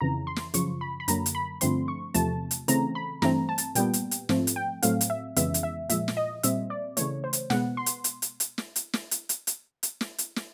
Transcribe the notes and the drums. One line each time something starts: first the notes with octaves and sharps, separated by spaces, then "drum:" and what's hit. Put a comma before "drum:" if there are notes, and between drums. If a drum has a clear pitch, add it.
F2 C#3 E3 A#5
C6
drum: snare
F#2 C#3 F3 C#6, drum: hi-hat
B5
B5
F#2 D3 F#3 A#3 A#5, drum: hi-hat
drum: hi-hat
B5
G2 D3 F3 A3 C4 C6, drum: hi-hat
C#6
E2 C3 F3 A3 A5, drum: hi-hat
drum: hi-hat
C#3 E3 A3 C4 A#5, drum: hi-hat
B5
G2 E3 A3 C4 A#5, drum: snare
A5
drum: hi-hat
A#2 G3 B3 G5, drum: hi-hat
drum: hi-hat
drum: hi-hat
G#2 F3 A3 C4, drum: snare
drum: hi-hat
G5
A2 F#3 A3 C4 F5, drum: hi-hat
drum: hi-hat
E5
F2 C#3 E3 G#3 B3 E5, drum: hi-hat
drum: hi-hat
E5
A#2 F3 G#3 E5, drum: hi-hat
drum: snare
D#5
A#2 G3 C4 E5, drum: hi-hat
D5
C#3 E3 A3 C#5, drum: hi-hat
C5
drum: hi-hat
B2 G#3 B3 F#5, drum: snare
C6
drum: hi-hat
drum: hi-hat
drum: hi-hat
drum: hi-hat
drum: snare
drum: hi-hat
drum: snare
drum: hi-hat
drum: hi-hat
drum: hi-hat
drum: hi-hat
drum: snare
drum: hi-hat
drum: snare